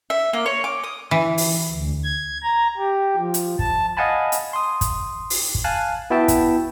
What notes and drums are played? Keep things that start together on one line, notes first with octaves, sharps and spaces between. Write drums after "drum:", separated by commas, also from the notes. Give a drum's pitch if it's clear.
E5
A#3
C#5
D6
D#6
E3
drum: open hi-hat
D2
G#6
A#5
G4
F3
drum: hi-hat
A5, drum: kick
D#5 F5 F#5 G#5 A5 B5
drum: hi-hat
C6 D#6
drum: kick, hi-hat
drum: open hi-hat
drum: kick
F5 G#5 A5 F#6
B3 E4 F#4 E5 G5 A5
drum: kick, hi-hat